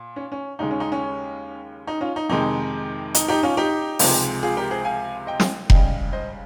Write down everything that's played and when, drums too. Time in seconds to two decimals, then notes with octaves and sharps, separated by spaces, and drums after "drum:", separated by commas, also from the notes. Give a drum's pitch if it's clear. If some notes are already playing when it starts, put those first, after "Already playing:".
Already playing: A#2
0.16 C#4
0.32 C#4
0.59 D#2 C#3 G#3 D#4
0.71 C#4
0.80 D#4
0.92 C#4
1.87 D#4
2.01 C#4 F4
2.16 D#4
2.29 F2 C3 D#3 G#3 D#4
3.15 D#4, drum: hi-hat
3.28 D#4 G4
3.43 C#4 F4
3.57 D#4 G4
3.99 C#2 C3 F3 G#3, drum: open hi-hat
4.43 F4 G#4
4.57 G4 A#4
4.71 G#4 C5
4.84 F5 G#5
5.27 D#5 G5
5.40 drum: snare
5.70 C#2 C#3 G3 D#5 G5, drum: kick F1
6.13 C5 D#5